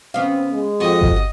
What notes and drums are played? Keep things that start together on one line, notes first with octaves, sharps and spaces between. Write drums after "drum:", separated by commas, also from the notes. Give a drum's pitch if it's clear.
C#3 B3 C4 F5
G#3
F2 F#4 G4 D#5
drum: kick G1